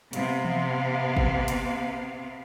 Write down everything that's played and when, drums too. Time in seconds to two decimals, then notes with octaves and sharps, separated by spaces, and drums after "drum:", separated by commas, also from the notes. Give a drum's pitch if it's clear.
0.13 C3 B3 F5, drum: hi-hat
0.45 drum: tom E3
1.17 drum: kick
1.48 drum: hi-hat